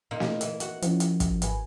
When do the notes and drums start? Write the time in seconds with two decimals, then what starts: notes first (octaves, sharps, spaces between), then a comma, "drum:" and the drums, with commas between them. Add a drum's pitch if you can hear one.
0.11 A#2 A#3 D#4
0.20 drum: snare
0.41 E3, drum: hi-hat
0.60 F#4, drum: hi-hat
0.82 F3 C#4 E4, drum: hi-hat
1.00 drum: hi-hat
1.20 drum: kick, hi-hat
1.42 G#1 B4 G#5, drum: hi-hat